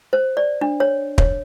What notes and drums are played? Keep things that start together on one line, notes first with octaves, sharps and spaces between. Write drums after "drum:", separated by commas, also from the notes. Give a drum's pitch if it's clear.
C5
D5
D4
C#5
C#5, drum: kick